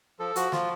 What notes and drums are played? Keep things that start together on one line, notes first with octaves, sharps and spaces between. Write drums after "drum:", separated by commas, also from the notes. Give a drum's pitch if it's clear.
F3 A4
F3 F#4, drum: hi-hat
F3 F4, drum: snare